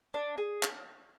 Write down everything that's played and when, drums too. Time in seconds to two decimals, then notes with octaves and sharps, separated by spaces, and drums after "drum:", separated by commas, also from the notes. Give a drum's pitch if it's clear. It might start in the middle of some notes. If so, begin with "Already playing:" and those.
0.14 D4
0.38 G#4
0.63 drum: clap